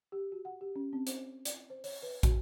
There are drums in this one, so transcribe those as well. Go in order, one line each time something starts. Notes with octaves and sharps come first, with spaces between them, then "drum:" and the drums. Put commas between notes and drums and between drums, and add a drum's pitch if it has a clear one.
G4
F#4
F#5
G4
C#4
C4
C5, drum: hi-hat
D5, drum: hi-hat
C5
C#5, drum: open hi-hat
B4
F#4, drum: kick, hi-hat